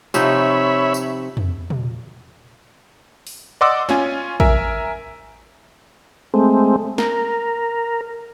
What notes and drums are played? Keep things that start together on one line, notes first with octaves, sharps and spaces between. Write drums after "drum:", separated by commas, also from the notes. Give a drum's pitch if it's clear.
C3 F3 D#4 C#5 E5 B5, drum: tambourine
drum: tambourine
drum: tom
drum: tom A#2
drum: open hi-hat
D5 D#5 F#5 C6 D6 E6
C#4 F4 G#5, drum: snare
A#4 E5 G#5, drum: kick
G#3 A3 C4
A#4, drum: snare